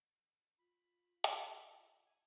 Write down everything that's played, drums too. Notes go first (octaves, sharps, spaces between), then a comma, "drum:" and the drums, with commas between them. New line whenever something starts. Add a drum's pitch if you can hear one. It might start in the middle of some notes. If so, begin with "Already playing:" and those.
F4 B5
drum: hi-hat
E4
G#5